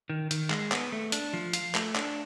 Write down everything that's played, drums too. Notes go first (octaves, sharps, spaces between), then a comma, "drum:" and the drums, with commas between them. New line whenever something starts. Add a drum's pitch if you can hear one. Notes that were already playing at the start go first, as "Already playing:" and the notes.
D#3
D#3, drum: hi-hat
G#3, drum: clap
B3, drum: clap
A3
D4, drum: hi-hat
F3
F4, drum: hi-hat
A3, drum: clap
D4, drum: clap